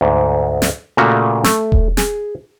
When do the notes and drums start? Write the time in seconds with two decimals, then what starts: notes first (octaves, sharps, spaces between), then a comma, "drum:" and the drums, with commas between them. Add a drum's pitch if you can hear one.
0.01 D2 G#2
0.62 drum: snare
0.97 A#2 C#3 A3 A#3 F#4
1.44 A3, drum: snare
1.72 drum: kick E1
1.97 G#4, drum: snare